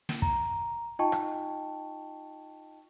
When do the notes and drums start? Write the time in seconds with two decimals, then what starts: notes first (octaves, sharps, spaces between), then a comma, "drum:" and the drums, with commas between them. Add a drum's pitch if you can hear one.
0.09 drum: snare
0.22 A#5, drum: kick
0.99 D#4 F4 D#5 G5 A5 C#6
1.12 drum: rim click